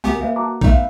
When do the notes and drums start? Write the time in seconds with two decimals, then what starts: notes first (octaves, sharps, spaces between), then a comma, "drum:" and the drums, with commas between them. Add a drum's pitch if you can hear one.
0.04 C#2 A3 B3 F#4 G4 A#4 G#5
0.21 A#3 B4 E5 F5
0.36 F#4 A5 A#5 D6
0.61 A3 B3 D#4 E5 F5, drum: kick